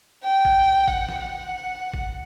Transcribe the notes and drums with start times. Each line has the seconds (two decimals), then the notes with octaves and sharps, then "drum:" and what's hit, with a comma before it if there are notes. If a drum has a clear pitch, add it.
0.24 G5
0.45 drum: kick A1
0.88 F#5, drum: kick A1
1.09 drum: snare
1.19 F#5
1.94 drum: kick A1